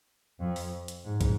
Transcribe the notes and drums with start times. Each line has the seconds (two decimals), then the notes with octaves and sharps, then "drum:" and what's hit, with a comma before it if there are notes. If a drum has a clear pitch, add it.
0.40 F2
0.56 drum: open hi-hat
0.88 drum: hi-hat
1.05 G#2
1.21 drum: kick, hi-hat